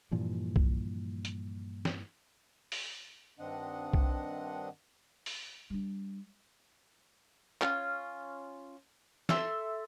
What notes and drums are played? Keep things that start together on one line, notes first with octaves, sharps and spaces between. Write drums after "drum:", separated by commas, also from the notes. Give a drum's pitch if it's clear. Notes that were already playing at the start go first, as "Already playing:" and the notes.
G2 A#2 E3 F3
drum: kick B1
drum: hi-hat
drum: snare
drum: open hi-hat
G2 D#3 C4 D4 D#5 F#5
drum: kick B1
drum: open hi-hat
G3 D4
C#4 F4, drum: clap
A4 E5 C6 E6, drum: snare